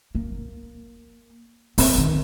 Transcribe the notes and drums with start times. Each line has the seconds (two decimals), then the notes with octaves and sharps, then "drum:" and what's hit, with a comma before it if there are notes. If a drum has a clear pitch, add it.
0.15 A#3
1.78 C4, drum: open hi-hat
1.98 D#3